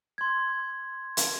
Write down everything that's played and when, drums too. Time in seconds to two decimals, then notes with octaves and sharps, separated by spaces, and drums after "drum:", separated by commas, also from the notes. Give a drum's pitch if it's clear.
0.18 C6 G#6
1.17 drum: hi-hat